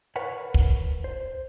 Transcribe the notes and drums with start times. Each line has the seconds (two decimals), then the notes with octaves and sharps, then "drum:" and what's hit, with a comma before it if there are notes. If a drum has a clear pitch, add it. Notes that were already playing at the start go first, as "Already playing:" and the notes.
0.16 A#4 B4 C#5 F#5
0.54 drum: kick
1.04 C5